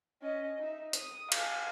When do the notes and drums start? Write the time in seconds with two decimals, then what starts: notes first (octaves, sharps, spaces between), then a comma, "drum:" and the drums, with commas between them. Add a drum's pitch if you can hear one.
0.22 C#4 D#5
0.59 D#4 E5
0.93 D#6, drum: hi-hat
1.32 F5 G#5, drum: cymbal